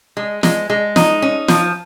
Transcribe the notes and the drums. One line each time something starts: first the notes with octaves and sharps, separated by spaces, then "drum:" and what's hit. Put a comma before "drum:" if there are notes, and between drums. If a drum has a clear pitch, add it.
G#3
G#3, drum: snare
G#3
D#4, drum: snare
C#4
F3, drum: snare